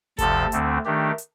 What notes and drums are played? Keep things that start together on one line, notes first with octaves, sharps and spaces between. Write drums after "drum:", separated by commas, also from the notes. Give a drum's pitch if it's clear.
D2 C3 F3 A4, drum: kick G1, hi-hat
D2 D3 A3 C4, drum: hi-hat
D#3 A3 D4 G4
drum: hi-hat